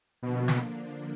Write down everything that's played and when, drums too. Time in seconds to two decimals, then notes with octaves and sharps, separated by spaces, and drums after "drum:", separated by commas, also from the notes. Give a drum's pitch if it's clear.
0.22 B2 D3 F3 A#3 D4
0.48 drum: snare